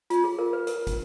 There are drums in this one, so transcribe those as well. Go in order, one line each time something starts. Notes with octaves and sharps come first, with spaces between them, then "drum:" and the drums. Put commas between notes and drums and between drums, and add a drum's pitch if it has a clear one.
F4, drum: hi-hat
G#4
A#4
B4
A#4, drum: hi-hat
drum: kick, hi-hat